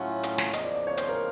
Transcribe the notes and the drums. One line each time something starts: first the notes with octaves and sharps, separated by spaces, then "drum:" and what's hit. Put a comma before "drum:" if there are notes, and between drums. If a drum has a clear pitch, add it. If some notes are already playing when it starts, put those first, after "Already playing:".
Already playing: A2 F#3 A3 C#4 F4 F#5
drum: hi-hat
drum: snare
E2 C#3 F3 A#3 D#5, drum: hi-hat
D5
D5
C#5
C5, drum: hi-hat
A#4